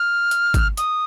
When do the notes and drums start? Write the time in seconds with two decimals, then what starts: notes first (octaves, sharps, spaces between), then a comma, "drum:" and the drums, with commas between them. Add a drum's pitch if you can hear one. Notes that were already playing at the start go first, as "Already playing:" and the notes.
Already playing: F6
0.31 drum: hi-hat
0.54 drum: kick G#1, hi-hat
0.77 D#6, drum: hi-hat